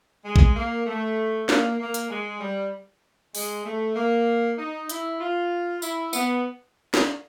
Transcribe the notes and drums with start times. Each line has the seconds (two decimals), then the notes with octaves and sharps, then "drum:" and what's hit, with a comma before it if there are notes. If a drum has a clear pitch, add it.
0.25 G#3
0.36 drum: kick B1
0.55 A#3
0.86 A3
1.49 A#3, drum: snare
1.79 A#3
1.94 drum: hi-hat
2.10 G#3
2.41 G3
3.35 G#3, drum: open hi-hat
3.65 A3
3.96 A#3
4.58 D#4
4.89 E4, drum: hi-hat
5.20 F4
5.82 E4, drum: tambourine
6.13 B3, drum: tambourine
6.94 drum: snare